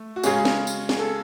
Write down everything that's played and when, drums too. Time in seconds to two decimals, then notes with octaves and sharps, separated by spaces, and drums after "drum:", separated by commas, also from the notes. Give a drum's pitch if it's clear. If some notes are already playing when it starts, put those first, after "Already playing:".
Already playing: A3
0.16 F#4
0.23 C#3 G#3 C#4 G#4, drum: tambourine
0.45 drum: snare
0.67 drum: tambourine
0.89 G#4, drum: snare
0.99 A4